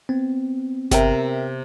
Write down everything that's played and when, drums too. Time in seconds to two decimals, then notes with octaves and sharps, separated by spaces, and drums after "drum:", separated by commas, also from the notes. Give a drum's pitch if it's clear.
0.09 B3 C4
0.91 C3 A#4 E5 G5, drum: snare G1